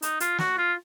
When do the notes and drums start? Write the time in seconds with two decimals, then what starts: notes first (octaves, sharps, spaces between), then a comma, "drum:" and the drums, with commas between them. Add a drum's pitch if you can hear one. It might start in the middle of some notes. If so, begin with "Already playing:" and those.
0.02 D#4, drum: hi-hat
0.20 F4, drum: hi-hat
0.38 F#4, drum: snare
0.57 F4